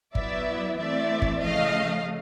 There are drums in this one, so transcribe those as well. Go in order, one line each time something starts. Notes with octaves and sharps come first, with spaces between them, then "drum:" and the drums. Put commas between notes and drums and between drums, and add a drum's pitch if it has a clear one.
F#3 B3 E4 D5 E5, drum: kick G1
E3 A3 C4 E4 D5 E5
drum: kick G1
C#3 F3 A3 D#5 F5